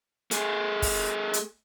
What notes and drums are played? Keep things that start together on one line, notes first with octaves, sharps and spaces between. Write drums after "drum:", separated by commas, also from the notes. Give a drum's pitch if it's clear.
A3 G#4, drum: hi-hat
drum: kick, open hi-hat
drum: hi-hat